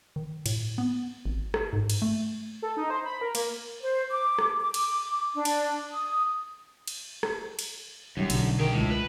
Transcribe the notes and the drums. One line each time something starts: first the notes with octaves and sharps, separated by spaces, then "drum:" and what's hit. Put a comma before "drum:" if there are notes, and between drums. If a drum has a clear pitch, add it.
D#3
A2, drum: cymbal
B3
G#1
drum: rim click
G#2
drum: cymbal
A3
A4
D#4
C5
B5
A#4
A#3, drum: cymbal
C5
D6
drum: rim click
D6
drum: cymbal
D4
drum: cymbal
D#6
drum: cymbal
drum: rim click
drum: cymbal
F#2 D#3 F3 G3
B1 D3, drum: cymbal
D#3 G#4 G5
C#2 A2
B4